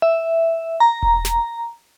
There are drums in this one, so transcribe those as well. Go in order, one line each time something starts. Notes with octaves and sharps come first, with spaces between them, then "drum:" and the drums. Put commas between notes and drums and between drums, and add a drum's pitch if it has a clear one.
E5
A#5
drum: kick E1
drum: snare